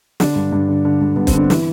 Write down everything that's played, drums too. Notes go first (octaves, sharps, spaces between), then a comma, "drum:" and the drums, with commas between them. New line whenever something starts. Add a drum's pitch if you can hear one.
D3 D4, drum: snare
G2
G2
D3
D3
G2
G2 B3
C4, drum: kick, hi-hat
D3 D4
E3 E4, drum: snare